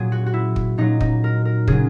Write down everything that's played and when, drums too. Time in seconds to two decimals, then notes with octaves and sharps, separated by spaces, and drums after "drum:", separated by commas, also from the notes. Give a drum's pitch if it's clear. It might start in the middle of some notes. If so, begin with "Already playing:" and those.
Already playing: A#2 F#3 G#4
0.12 F#4
0.26 F#4
0.34 E4
0.56 drum: kick
0.78 A#2 F#3 D#4
1.01 D#4, drum: kick
1.24 A#4
1.45 A#4
1.68 C#3 F#3 G#4, drum: kick